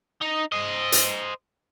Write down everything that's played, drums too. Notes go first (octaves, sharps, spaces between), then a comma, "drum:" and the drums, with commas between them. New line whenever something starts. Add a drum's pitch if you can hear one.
D#4
C5 D#5
drum: hi-hat